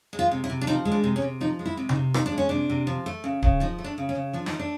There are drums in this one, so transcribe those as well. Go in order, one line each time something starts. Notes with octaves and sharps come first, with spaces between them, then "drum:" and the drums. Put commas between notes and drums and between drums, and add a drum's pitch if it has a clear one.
G#3
F4
C3
E4
C3
D4
F3 D#4
G#3
D4
C3
C#4
C3
F3 D#4
G#3
E4
C3
D#4, drum: tom C3
C3
F3 D#4, drum: rim click
D4
G#3
C#4
C3 D4
C3
F3
A3
C#3
C#3, drum: kick D1
F3 D#4
A3
D4
C#3
C#4
C#3
F3 D4
D#4, drum: snare
A3
D4